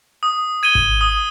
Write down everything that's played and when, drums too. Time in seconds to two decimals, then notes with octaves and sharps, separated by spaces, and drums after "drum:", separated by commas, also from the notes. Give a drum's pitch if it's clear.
0.23 D#6
0.63 G#6 D#7 G7
0.75 drum: kick G#1
1.01 D#6